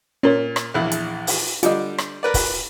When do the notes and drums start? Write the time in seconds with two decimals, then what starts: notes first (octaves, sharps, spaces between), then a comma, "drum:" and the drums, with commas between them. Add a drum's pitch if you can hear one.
0.23 A#2 C#4 A#4 C#5
0.56 drum: rim click
0.74 A#1 E2 E4
0.92 drum: hi-hat
1.27 drum: open hi-hat
1.63 D3 G3 D4 F4 D#5, drum: hi-hat
1.98 drum: rim click
2.23 A#4 B4 D5
2.34 drum: kick, open hi-hat